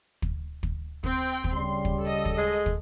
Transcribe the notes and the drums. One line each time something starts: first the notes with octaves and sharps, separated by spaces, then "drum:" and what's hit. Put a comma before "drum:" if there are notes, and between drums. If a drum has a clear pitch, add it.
drum: kick
drum: kick
C4 G5, drum: kick
drum: kick
C#3 G3 C6
drum: kick
A4 D#5
drum: kick
G#3
drum: kick